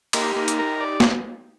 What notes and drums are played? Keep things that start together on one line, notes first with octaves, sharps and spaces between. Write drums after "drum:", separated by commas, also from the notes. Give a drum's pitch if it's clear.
A#3 D#4 G4, drum: cymbal
A#3
drum: hi-hat
A#4
D5
drum: snare